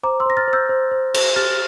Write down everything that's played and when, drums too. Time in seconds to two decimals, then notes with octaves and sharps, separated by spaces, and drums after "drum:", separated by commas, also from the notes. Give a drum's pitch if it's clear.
0.03 C5 A#5 D6
0.20 C6 E6
0.26 C5 A#6
0.37 F6 A6
0.48 C5
0.53 E6 G6
0.69 C5
0.91 C5
1.14 C5, drum: cymbal
1.36 G4 F6 A6